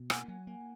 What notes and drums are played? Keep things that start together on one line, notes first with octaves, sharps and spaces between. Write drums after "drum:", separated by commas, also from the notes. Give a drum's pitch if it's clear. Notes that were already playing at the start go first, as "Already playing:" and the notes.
Already playing: B2
A#3 F#5 G#5, drum: rim click
F#3
A#3